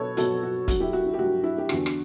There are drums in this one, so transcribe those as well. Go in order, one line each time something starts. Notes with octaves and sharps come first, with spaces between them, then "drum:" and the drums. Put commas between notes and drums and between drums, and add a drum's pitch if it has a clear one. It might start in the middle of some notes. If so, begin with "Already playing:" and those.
Already playing: B2 F#3 A4 B4 C#5
B2 F#3 F#4 A4, drum: hi-hat
F#4
G2 F#3 F#4, drum: kick, hi-hat
E4 G4
F#4
E4
G4
G2 F#3 F#4
E4
G4
E2 D3 G3 F#4, drum: rim click
drum: rim click